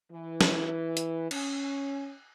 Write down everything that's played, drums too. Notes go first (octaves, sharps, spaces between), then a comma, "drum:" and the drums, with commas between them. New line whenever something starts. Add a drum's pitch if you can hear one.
E3
drum: snare
drum: hi-hat
C#4, drum: cymbal